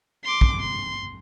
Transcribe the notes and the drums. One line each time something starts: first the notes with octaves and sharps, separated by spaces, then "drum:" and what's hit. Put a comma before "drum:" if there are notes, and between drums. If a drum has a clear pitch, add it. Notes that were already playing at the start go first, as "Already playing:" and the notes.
C6 D6
drum: kick
C6